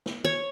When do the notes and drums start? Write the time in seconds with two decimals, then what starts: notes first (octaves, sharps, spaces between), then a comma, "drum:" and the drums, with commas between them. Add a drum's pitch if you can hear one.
0.06 drum: snare
0.25 C#5